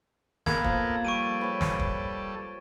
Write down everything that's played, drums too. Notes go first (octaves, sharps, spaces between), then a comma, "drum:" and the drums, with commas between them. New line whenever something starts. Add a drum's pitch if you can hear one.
A#3 B3 A4 A#4 B5 G#6, drum: snare
F3, drum: kick
G3 A4 C#6 D7 D#7
B4 C#5
drum: snare
drum: kick